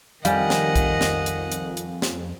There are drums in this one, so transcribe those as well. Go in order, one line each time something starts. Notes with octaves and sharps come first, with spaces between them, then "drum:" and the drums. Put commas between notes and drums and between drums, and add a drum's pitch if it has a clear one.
F2 D#3 G3 D#5 F5 F#5 G#5, drum: hi-hat
drum: snare
drum: kick, hi-hat
drum: snare
drum: hi-hat
drum: hi-hat
drum: hi-hat
drum: snare